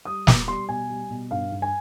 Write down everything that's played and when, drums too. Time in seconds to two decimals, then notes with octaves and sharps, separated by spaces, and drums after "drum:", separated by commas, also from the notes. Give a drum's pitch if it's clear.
0.05 G3 D#6
0.27 B2 D6, drum: snare
0.47 G3 C6
0.69 B2 G#5
0.90 G3
1.10 B2
1.31 G2 F5
1.52 G2
1.62 G#5